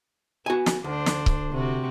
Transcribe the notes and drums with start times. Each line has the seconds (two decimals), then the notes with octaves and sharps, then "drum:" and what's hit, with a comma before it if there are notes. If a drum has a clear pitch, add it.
0.46 B3 F#4 G#5
0.66 drum: snare
0.84 D2 D4 C5
1.06 drum: snare
1.26 drum: kick C#1
1.52 C3 C4 F#4